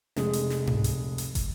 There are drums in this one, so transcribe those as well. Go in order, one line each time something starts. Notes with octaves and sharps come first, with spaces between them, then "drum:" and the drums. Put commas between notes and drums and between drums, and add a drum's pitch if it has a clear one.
F1 G#3, drum: snare
drum: hi-hat
drum: snare
drum: tom G#2
drum: hi-hat
drum: hi-hat
drum: kick, hi-hat